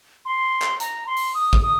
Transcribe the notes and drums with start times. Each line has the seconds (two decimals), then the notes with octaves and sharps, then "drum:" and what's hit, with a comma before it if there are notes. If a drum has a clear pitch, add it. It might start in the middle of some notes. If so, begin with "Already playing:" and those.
0.25 C6
0.62 drum: clap
0.80 A#5, drum: hi-hat
1.07 C6
1.16 drum: open hi-hat
1.35 D#6
1.53 drum: kick
1.62 D#6